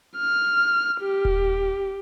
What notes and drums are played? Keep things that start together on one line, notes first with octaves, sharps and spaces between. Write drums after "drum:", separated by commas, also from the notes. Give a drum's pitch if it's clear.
F6
G4
drum: kick D#1